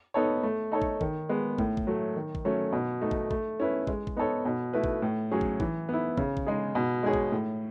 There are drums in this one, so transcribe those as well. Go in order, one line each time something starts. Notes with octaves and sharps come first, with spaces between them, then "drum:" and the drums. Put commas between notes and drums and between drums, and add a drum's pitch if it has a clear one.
B3 D#4 A4 C#5
A3
D#4 A4 C#5
drum: kick
D#3, drum: kick
G#3 B3
A2, drum: kick
drum: kick
F#3 A3
D#3
drum: kick
F#3 A3 C#4
B2
A3 D#4
drum: kick
A3, drum: kick
C#4 E4 B4
G#3, drum: kick
drum: kick
B3 D#4 A4 C#5
B2
A3 E4 B4
drum: kick
A2
F#3 C#4 G#4
drum: kick
E3, drum: kick
B3 E4
C#3, drum: kick
drum: kick
G#3 D#4 G#4
B2
G#3 D#4 G#4 C#5
drum: kick
A2